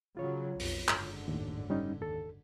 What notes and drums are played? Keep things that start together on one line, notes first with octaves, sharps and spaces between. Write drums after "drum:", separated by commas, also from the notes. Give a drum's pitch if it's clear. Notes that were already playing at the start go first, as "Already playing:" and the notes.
C#3 F#3 F4 C#5
B1 F2, drum: open hi-hat
F#1 G#2 D3, drum: clap
D#2 A2
G3 C#4 D#4
D#2 A4